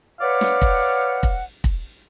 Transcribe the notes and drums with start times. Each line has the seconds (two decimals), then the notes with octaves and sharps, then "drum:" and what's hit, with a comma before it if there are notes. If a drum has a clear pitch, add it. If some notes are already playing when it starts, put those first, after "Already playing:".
0.21 B4 C#5 D5 F5 F#5
0.41 drum: snare
0.62 drum: kick
1.23 drum: kick
1.64 drum: kick